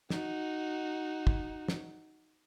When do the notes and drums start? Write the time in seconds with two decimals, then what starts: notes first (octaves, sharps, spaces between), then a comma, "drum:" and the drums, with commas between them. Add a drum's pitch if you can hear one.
0.10 D#4 F#4, drum: snare
1.27 drum: kick
1.68 drum: snare